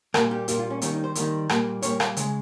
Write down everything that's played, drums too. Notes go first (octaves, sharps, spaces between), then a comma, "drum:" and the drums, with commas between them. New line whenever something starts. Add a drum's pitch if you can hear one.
A#2 G3 A#3 A#4, drum: rim click
G4
A#2 G3 A#3 G4, drum: hi-hat
F4
C#4
D#3 G3 A#3 C#4, drum: hi-hat
D#4
C5
D#3 G3 A#3, drum: hi-hat
A#2 G3 A#3, drum: rim click
A#2 G3 A#3 C#5, drum: hi-hat
F5, drum: rim click
C#3 G#3, drum: hi-hat